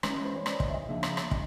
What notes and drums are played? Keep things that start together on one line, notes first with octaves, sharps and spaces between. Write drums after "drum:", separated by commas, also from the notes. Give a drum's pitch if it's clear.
E3 G#3 C#4 B4, drum: rim click
B4
C5
C#5
D5, drum: rim click
D#5, drum: kick
E5
D#5
C#3 F3 A#3 D4 E5
drum: rim click
drum: rim click
D#5, drum: kick